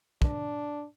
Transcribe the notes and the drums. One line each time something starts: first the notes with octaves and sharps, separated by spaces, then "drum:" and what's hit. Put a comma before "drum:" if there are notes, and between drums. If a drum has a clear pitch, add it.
D4, drum: kick